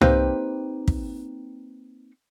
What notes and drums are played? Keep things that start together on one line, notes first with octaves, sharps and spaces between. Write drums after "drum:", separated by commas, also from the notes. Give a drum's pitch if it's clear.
A#3 C4 D#4 G4 B4, drum: tom C2
drum: kick